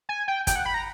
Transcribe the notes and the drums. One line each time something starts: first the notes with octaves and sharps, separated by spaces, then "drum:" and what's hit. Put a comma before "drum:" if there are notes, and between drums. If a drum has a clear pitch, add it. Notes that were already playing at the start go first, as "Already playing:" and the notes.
G#5
G5
G5, drum: kick, hi-hat
F#5
B5
A#5